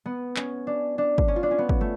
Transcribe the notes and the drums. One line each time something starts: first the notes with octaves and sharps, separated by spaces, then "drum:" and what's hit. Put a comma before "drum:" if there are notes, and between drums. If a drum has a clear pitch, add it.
B3
C#4, drum: clap
D4
D4
drum: kick
C#4
F4
D4
C#4
B3
drum: kick
A3